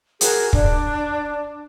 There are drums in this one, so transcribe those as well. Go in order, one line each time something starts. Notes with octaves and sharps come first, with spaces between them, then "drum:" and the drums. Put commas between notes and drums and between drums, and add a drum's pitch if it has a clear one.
F#4 G#4 A#4, drum: hi-hat
D4 D5, drum: kick